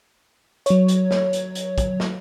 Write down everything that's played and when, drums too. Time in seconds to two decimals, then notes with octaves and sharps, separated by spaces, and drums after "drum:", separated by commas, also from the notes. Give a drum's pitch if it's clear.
0.66 F#3 C#5, drum: hi-hat
0.88 drum: hi-hat
1.11 drum: snare
1.33 drum: hi-hat
1.55 drum: hi-hat
1.78 drum: kick, hi-hat
2.00 drum: snare